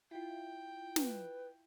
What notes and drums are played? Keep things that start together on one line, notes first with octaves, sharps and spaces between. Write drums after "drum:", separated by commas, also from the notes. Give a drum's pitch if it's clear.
E4 F4 G5
B4, drum: snare